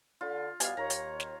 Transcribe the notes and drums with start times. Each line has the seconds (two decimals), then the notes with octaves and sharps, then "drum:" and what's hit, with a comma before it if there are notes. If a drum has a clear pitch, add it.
0.21 D3 F4
0.60 B2 G3 B3 F5 G#5, drum: hi-hat
0.77 D#2 C#5 A#5
0.90 drum: hi-hat
1.20 drum: snare